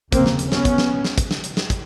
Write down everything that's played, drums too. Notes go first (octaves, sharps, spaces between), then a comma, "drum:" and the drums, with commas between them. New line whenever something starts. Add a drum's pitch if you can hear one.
F1 D#2 C#3 A#3 C4, drum: kick, hi-hat
drum: snare
drum: hi-hat
B3 C#4, drum: snare
drum: kick, hi-hat
drum: snare
drum: snare
drum: kick, hi-hat
drum: snare
drum: hi-hat
drum: snare
drum: kick, hi-hat